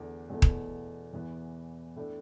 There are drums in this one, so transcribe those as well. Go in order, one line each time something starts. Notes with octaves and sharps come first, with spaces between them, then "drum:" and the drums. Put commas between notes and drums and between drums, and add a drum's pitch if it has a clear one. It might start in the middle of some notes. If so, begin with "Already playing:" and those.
Already playing: E2 D3 A3 D4
E2 B2 A3
drum: kick D#1
E2 E3 B3
A2 A3 D4